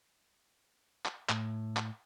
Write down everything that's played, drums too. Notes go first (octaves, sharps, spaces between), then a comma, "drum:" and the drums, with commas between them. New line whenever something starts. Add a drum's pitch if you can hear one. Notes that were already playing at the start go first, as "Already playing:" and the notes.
drum: clap
A2, drum: clap
drum: clap